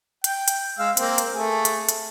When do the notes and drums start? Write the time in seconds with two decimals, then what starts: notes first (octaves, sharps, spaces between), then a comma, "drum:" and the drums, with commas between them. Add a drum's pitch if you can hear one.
0.24 G5, drum: hi-hat
0.48 drum: hi-hat
0.79 G#3 F5 E6
0.97 A#3 C4, drum: hi-hat
1.18 drum: hi-hat
1.34 A3 G#4
1.65 drum: hi-hat
1.89 drum: hi-hat